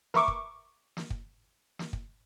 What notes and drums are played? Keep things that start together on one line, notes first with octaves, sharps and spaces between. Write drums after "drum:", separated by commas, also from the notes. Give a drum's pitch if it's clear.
A#4 B4 E5 C#6 D6, drum: snare
drum: kick
drum: snare
drum: kick
drum: snare
drum: kick